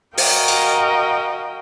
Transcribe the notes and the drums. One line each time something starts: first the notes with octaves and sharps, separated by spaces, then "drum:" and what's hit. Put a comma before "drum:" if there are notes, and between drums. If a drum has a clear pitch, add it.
F#4 A#4 D#5 F5 G5, drum: open hi-hat
drum: cymbal